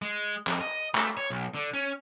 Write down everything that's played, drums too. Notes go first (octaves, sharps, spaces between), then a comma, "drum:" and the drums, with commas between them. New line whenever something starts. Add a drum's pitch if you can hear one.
G#3
F2, drum: clap
D#5
A3, drum: clap
C#5
B1
D3
C#4